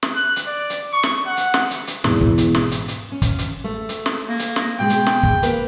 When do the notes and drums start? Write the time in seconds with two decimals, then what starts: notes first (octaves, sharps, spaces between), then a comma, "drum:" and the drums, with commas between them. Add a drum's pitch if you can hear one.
0.03 drum: snare
0.16 F#6
0.36 drum: hi-hat
0.47 D5
0.70 drum: hi-hat
0.93 C#6
1.03 drum: snare
1.26 F#5
1.37 drum: hi-hat
1.54 drum: snare
1.71 drum: hi-hat
1.87 drum: hi-hat
2.04 E2 G#2 B2, drum: snare
2.21 drum: kick
2.38 drum: hi-hat
2.55 drum: snare
2.71 drum: hi-hat
2.88 drum: hi-hat
3.12 C#4
3.22 drum: kick, hi-hat
3.39 drum: hi-hat
3.64 A3
3.89 drum: hi-hat
4.06 drum: snare
4.29 A#3
4.39 drum: hi-hat
4.56 drum: snare
4.79 B2 G#3 G#4 G5
4.90 drum: hi-hat
5.06 drum: snare
5.23 drum: kick
5.43 A#3 B4, drum: hi-hat